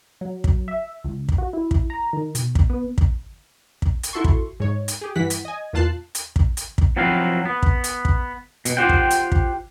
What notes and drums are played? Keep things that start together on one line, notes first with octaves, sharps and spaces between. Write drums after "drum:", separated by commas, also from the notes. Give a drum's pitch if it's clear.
F#3
drum: kick
E5
C#2
drum: kick
F#4
E4
drum: kick
A#5
D#3
B2, drum: hi-hat
drum: kick
B3
drum: kick
drum: kick
drum: hi-hat
E4 F#4 A4 C6 C#6
drum: kick
G#2 C#5
drum: hi-hat
G4 G#4
G2 E3 F#5 B6
drum: hi-hat
D#5 G#5
E2 A#2 F4 A5 F#6 C7
drum: hi-hat
drum: kick
drum: hi-hat
drum: kick
F3 F#3 C4 E4 F#4 F5
B3
drum: kick
drum: hi-hat
drum: kick
B2, drum: hi-hat
F4 G4 C5 F#5 G5
drum: kick
drum: hi-hat
drum: kick